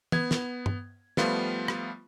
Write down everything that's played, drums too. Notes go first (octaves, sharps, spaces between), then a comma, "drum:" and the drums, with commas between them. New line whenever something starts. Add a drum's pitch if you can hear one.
B3 G#6, drum: tom
drum: snare
drum: tom G2
F3 G3 A3 B3 F4, drum: snare
drum: rim click